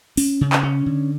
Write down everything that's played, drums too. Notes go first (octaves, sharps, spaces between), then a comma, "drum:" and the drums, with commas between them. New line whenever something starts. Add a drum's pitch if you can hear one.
C#4, drum: open hi-hat
C#3
drum: clap
C#4
D3